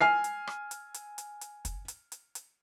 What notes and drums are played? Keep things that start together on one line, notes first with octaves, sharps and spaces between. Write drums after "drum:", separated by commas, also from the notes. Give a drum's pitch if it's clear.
G#5 F6 C7
drum: hi-hat
drum: rim click
drum: hi-hat
drum: hi-hat
drum: hi-hat
drum: hi-hat
drum: kick, hi-hat
drum: hi-hat
drum: hi-hat
drum: hi-hat